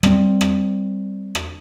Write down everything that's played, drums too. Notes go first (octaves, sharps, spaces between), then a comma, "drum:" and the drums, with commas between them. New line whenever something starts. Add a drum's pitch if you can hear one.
G3 C4, drum: rim click
drum: rim click
drum: rim click